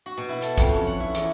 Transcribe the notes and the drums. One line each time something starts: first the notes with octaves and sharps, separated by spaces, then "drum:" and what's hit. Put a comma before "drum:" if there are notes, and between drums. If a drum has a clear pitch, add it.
F#4
B2
E4
A4, drum: hi-hat
F2, drum: kick, hi-hat
C#4
F#5
E4
E2, drum: hi-hat